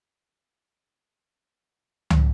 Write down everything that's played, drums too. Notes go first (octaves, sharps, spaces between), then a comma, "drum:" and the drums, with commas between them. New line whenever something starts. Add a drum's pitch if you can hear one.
E4 E5
F#5
drum: tom C#2